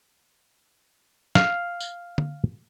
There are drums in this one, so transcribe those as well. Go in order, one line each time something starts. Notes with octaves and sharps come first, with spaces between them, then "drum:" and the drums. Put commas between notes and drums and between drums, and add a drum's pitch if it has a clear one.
F5, drum: snare
drum: tambourine
drum: tom